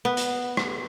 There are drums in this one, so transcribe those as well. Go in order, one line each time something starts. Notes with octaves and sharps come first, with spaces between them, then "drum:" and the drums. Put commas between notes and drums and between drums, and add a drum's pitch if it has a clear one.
B3
drum: hi-hat
drum: rim click